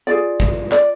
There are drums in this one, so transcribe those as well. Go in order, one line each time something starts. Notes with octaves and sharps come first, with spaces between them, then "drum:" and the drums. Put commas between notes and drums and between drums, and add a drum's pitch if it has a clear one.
F4 G#4 D5
drum: kick, hi-hat
D5, drum: clap